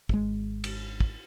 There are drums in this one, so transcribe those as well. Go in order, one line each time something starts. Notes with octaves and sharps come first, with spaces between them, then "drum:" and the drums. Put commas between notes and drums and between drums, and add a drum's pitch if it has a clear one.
G#1 G#3, drum: kick
drum: cymbal
drum: kick